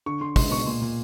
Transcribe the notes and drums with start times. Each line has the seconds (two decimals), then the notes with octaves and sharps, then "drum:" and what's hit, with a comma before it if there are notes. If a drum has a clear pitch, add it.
0.06 D3 C#6
0.21 D3 C6
0.36 C#2 C6, drum: kick, open hi-hat
0.51 B2 C#6
0.66 A#2 C6
0.82 A#2